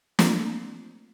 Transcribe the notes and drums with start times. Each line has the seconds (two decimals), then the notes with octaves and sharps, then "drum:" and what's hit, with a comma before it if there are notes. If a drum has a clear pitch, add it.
0.19 F3 A3 A#3 C4 D4 F4, drum: snare